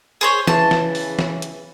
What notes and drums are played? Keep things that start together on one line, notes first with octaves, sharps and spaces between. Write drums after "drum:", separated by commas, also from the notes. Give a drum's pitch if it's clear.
G#4 C5 C#5
C#3 E3 A5, drum: snare
drum: snare
drum: open hi-hat
drum: snare
drum: hi-hat